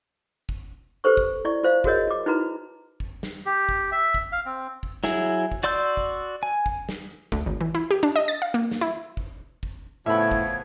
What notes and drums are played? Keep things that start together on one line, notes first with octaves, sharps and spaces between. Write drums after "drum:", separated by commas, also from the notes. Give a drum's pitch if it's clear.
drum: kick
G4 A4 B4 C5 C#6
drum: kick
E4 D5 C#6
F4 C5 F5
F4 F#4 G#4 A#4 C#5 D#5, drum: kick
F4 D6
D#4 E4 F#4 B4 A#5 B5
drum: kick
drum: snare
G4
drum: kick
E5
drum: kick
F5
C4
drum: kick
F#3 E4 G#4, drum: snare
drum: kick
F#4 D5 C6 E6 G6
drum: kick
G#5
drum: kick
drum: snare
D2, drum: kick
G#1
E3
E4
G4
D4
D#5
A6
F5
A#3
drum: snare
E4
drum: kick
drum: kick
A2 C#3 F3 B3 E5 B5 G#6
drum: kick